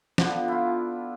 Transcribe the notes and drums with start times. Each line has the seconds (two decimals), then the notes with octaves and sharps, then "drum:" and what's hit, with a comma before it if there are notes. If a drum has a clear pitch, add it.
0.18 D3 F3 B3 D4, drum: snare
0.48 E4 F4